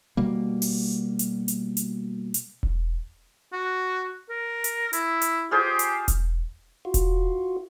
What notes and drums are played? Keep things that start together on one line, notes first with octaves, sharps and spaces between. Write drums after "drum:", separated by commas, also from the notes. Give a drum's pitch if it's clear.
B2 G3 A#3
drum: open hi-hat
drum: hi-hat
drum: hi-hat
drum: hi-hat
drum: hi-hat
drum: kick E1
F#4
A#4
drum: hi-hat
E4, drum: hi-hat
drum: hi-hat
F4 G4 G#4 C5
drum: hi-hat
drum: kick E1, hi-hat
F4 F#4
drum: kick E1, hi-hat